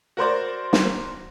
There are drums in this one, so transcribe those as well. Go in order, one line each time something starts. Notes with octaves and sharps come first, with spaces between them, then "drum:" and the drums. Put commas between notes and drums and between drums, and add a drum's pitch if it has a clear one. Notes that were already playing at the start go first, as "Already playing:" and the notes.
F#4 A#4 C5 D5
drum: snare